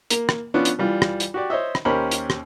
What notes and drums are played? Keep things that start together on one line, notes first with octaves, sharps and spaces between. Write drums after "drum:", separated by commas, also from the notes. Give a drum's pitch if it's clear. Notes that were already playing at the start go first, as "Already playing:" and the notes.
A#3, drum: hi-hat
drum: rim click
F3 B3 C#4 D4 F4
drum: hi-hat
E3 G3 F4
drum: rim click
drum: hi-hat
F#4 G4 D5
C5 C#5 D#5 E5
drum: rim click
D#2 C#4 G4 A#4 C5 B5
drum: hi-hat
drum: rim click